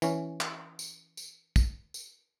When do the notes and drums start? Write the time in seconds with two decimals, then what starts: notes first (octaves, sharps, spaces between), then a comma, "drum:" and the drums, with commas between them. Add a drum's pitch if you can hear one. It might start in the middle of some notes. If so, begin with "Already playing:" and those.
0.02 E3 C#4, drum: tambourine
0.41 drum: clap
0.79 drum: tambourine
1.17 drum: tambourine
1.56 drum: kick, tambourine
1.94 drum: tambourine